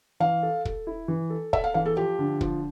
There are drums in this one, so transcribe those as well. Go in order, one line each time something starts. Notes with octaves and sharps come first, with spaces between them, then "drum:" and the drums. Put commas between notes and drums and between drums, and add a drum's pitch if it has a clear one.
E3 F5
A4
A4, drum: kick
E4
E3
A4
A4 E5, drum: kick
F5
E3 F5
A4
F3 G4
D3
F3, drum: kick